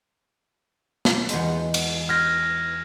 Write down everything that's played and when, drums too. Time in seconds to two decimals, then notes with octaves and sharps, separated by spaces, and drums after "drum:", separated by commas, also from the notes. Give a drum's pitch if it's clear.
1.05 drum: snare
1.29 E2 G#3, drum: hi-hat
1.74 drum: cymbal
2.09 G4 C6 F6 G#6 A#6